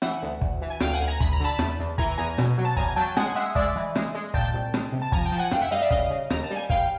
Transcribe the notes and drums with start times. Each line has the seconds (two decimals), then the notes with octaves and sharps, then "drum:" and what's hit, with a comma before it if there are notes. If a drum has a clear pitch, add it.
0.02 E3 E5 F#5, drum: rim click
0.22 D2
0.41 D2, drum: kick
0.62 E3
0.70 G#5
0.80 D2 F5 G5, drum: rim click
0.93 F#5 G#5
1.00 D2
1.08 G#5 A#5
1.20 D2 B5, drum: kick
1.33 A#5
1.40 D3 A5 B5
1.59 E2, drum: rim click
1.80 E2
1.98 E3 G#5 A#5, drum: kick
2.18 E2 G#5 A#5
2.38 B2, drum: rim click
2.58 F#3
2.65 A5
2.77 E2 G#5 A#5, drum: kick
2.88 G#5
2.96 F#3 G5 A5
3.17 G#3 F#5 G#5, drum: rim click
3.35 G#3 E5 F#5
3.55 G#3 D5 E5, drum: kick
3.76 E3
3.95 G#3, drum: rim click
4.15 G#3
4.34 A#2 G5 A5, drum: kick
4.54 C2
4.74 G#3, drum: rim click
4.92 C3
5.02 A5
5.12 F3 G#5 A#5, drum: kick
5.25 G5 A5
5.32 F3
5.38 F#5 G#5
5.51 F#2 F5 G5, drum: rim click
5.62 E5 F#5
5.71 G3 D#5 F5
5.81 D5 E5
5.91 C#3 D#5 F5, drum: kick
6.10 C#3
6.30 D#2 A#5, drum: rim click
6.43 A5
6.51 G3
6.56 G#5
6.70 D#2 F5 G5, drum: kick